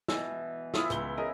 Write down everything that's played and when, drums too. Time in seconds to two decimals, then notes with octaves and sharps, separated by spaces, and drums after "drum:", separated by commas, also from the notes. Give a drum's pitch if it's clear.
0.08 B2 E3 E6, drum: snare
0.74 E4 F4 E5 D#6, drum: snare
0.90 C#2 G7, drum: hi-hat
1.17 C#3 A#4 D#5